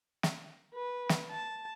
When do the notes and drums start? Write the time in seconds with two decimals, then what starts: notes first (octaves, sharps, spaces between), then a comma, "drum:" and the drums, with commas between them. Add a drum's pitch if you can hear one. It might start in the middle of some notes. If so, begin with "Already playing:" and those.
0.23 drum: snare
0.74 B4
1.09 drum: snare
1.31 A5